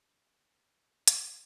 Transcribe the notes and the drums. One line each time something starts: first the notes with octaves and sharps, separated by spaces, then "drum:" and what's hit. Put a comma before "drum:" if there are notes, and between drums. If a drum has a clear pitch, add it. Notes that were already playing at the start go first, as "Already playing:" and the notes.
Already playing: D3 E3 B3
A3
B3
B3, drum: hi-hat
C4